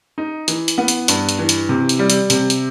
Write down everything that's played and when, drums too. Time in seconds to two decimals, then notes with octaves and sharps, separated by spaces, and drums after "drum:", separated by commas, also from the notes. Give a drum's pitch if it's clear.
0.18 D#4
0.48 E3, drum: hi-hat
0.68 drum: hi-hat
0.78 B3
0.88 drum: hi-hat
1.08 G2, drum: hi-hat
1.29 drum: hi-hat
1.39 E3
1.49 drum: hi-hat
1.69 C3
1.89 drum: hi-hat
1.99 G3
2.10 drum: hi-hat
2.30 C3, drum: hi-hat
2.50 drum: hi-hat